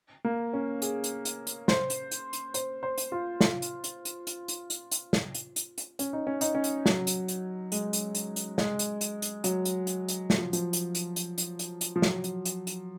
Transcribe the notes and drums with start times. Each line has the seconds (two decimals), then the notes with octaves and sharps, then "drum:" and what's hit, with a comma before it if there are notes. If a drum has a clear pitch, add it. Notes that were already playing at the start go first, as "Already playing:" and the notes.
0.25 A#3
0.53 C#4
0.82 G#4, drum: hi-hat
1.04 drum: hi-hat
1.25 drum: hi-hat
1.47 drum: hi-hat
1.68 C5, drum: snare
1.90 drum: hi-hat
2.11 drum: hi-hat
2.33 drum: hi-hat
2.54 C5, drum: hi-hat
2.83 C5
2.98 drum: hi-hat
3.12 F4
3.41 F4, drum: snare
3.62 drum: hi-hat
3.84 drum: hi-hat
4.05 drum: hi-hat
4.27 drum: hi-hat
4.48 drum: hi-hat
4.70 drum: hi-hat
4.91 drum: hi-hat
5.13 drum: snare
5.35 drum: hi-hat
5.56 drum: hi-hat
5.78 drum: hi-hat
5.99 C#4, drum: hi-hat
6.13 D#4
6.27 C#4
6.41 D#4, drum: hi-hat
6.55 C#4
6.64 drum: hi-hat
6.86 F#3, drum: snare
7.07 drum: hi-hat
7.28 drum: hi-hat
7.72 G#3, drum: hi-hat
7.93 drum: hi-hat
8.15 drum: hi-hat
8.36 drum: hi-hat
8.58 G#3, drum: snare
8.79 drum: hi-hat
9.01 drum: hi-hat
9.22 drum: hi-hat
9.44 F#3, drum: hi-hat
9.65 drum: hi-hat
9.87 drum: hi-hat
10.08 drum: hi-hat
10.30 F#3, drum: snare
10.38 F3
10.53 F3, drum: hi-hat
10.73 drum: hi-hat
10.95 drum: hi-hat
11.16 drum: hi-hat
11.38 drum: hi-hat
11.59 drum: hi-hat
11.81 drum: hi-hat
11.96 F3
12.02 F#3, drum: snare
12.24 drum: hi-hat
12.45 drum: hi-hat
12.67 drum: hi-hat